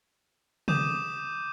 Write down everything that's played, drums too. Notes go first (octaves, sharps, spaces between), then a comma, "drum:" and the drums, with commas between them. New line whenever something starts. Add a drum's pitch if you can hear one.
D6 D#6 G6 D#7 E7, drum: tom C3